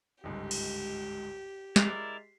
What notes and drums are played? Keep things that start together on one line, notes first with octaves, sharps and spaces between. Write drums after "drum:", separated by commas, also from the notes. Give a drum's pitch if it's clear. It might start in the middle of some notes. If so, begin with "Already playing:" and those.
G1 C#2 G#2 G4
drum: cymbal
G#3 E4 A#4 D5 B6 C7, drum: snare